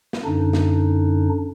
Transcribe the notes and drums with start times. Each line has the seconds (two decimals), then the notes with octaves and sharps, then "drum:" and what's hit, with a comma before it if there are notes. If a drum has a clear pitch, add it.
0.13 drum: snare
0.24 F#2 D3 D4 D#4
0.53 drum: snare